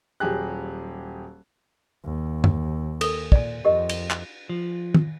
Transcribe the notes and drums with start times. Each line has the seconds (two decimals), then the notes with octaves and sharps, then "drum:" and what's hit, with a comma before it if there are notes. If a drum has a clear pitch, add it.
0.20 D#1 F#3 G4 G#4 F#6
2.05 D#2
2.44 drum: tom F#2
3.01 A4 A#4, drum: cymbal
3.32 A#2 D5 G#5, drum: kick
3.65 F2 G4 A#4 D#5
3.89 drum: cymbal
4.10 drum: clap
4.50 F3
4.95 drum: tom